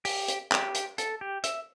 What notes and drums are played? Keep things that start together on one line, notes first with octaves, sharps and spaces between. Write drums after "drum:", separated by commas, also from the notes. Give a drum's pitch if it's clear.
G4, drum: open hi-hat
drum: hi-hat
G4, drum: clap
drum: hi-hat
A4, drum: hi-hat
G4
E5, drum: hi-hat